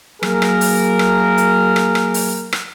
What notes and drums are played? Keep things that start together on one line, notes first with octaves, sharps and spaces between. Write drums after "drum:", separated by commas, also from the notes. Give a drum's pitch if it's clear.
F#3 A#3 G#4 A#4, drum: rim click
drum: rim click
drum: open hi-hat
drum: rim click
drum: hi-hat
drum: rim click
drum: rim click
drum: open hi-hat
drum: rim click